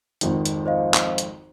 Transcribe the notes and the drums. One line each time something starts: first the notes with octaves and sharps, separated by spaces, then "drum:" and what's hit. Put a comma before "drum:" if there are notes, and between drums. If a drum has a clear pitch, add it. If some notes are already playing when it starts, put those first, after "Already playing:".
G#1 F2 D#3, drum: hi-hat
drum: hi-hat
C5 D#5 F5
drum: clap
drum: hi-hat